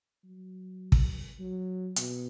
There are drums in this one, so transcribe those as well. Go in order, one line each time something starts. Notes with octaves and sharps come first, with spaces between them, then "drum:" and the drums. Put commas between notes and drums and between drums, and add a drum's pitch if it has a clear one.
F#3
drum: kick
F#3
B2, drum: hi-hat